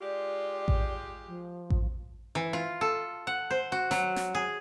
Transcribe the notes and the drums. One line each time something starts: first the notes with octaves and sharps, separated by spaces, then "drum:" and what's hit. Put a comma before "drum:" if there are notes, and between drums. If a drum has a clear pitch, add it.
G#3 F4 G4 D5
drum: kick A1
F3
drum: kick A1
E3
F4
A4
F#5
C5
F#4
F#3, drum: snare
drum: snare
G#4